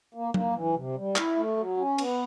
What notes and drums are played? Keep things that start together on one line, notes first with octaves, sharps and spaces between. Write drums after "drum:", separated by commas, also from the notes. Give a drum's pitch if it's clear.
A#3
A#3, drum: tom F#3
E3
C3
G3
E4, drum: clap
A3
F#3
C#4
B3, drum: cymbal